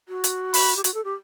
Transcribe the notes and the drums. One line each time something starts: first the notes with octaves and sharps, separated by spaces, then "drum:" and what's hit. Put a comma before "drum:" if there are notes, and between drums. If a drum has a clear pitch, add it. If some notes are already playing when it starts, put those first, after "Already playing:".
F#4
drum: hi-hat
B5, drum: open hi-hat
G4
F#4, drum: hi-hat
A4
G4